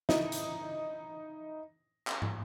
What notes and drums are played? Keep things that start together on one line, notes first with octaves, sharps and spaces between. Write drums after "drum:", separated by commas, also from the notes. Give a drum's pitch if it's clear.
D#4 E4, drum: snare
drum: hi-hat
drum: clap
drum: tom